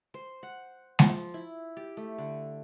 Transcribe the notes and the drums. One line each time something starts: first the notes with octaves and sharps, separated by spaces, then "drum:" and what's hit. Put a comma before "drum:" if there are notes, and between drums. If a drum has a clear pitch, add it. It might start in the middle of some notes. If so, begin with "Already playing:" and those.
C5
F#5
F3, drum: snare
E4
G4
A3
D3